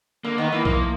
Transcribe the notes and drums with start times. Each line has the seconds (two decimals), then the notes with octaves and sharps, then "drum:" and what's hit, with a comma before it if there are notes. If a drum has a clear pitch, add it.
0.25 D3 A#3
0.38 D#3 B3
0.52 E3 A#3
0.65 F3 A#3, drum: kick B1